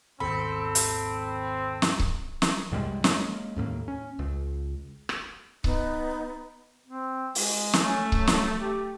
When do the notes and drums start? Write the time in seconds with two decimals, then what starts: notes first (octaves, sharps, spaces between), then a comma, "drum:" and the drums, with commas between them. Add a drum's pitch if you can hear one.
0.20 G#1 D#2 B2 C4 A4 B5
0.75 drum: hi-hat
1.82 drum: snare
2.00 drum: kick C#1
2.42 drum: snare
2.72 C2 F#2 G3 G#3
3.04 G#3 A#3 C#4, drum: snare
3.56 D#2 A2 G#3 A#3
3.88 C#4
4.19 C#2
5.09 drum: rim click
5.64 B3 D#4, drum: kick C#1
6.88 C4
7.35 G#3, drum: open hi-hat
7.73 drum: snare
7.83 A3 C#4
8.12 F#3, drum: kick C#1
8.27 drum: snare
8.59 G4